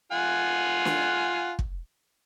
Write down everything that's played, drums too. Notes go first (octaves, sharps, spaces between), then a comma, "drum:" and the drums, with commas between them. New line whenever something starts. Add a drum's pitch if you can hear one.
F4 F#5 G#5
drum: snare
drum: kick